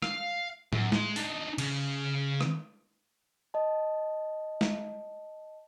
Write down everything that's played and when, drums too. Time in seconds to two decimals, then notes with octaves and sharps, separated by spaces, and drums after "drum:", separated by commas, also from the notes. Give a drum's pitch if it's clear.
0.02 F5, drum: rim click
0.73 F#2, drum: tom A2
0.92 G#3 C6, drum: snare
1.16 D4 D#4, drum: open hi-hat
1.58 C#3, drum: cymbal
2.41 drum: rim click
3.54 D#5 A5
4.61 drum: snare